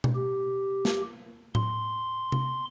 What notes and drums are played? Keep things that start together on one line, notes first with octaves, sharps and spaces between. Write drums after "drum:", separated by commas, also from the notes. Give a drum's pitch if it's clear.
drum: tom B2
G4
drum: snare
C6, drum: tom A2
drum: tom C3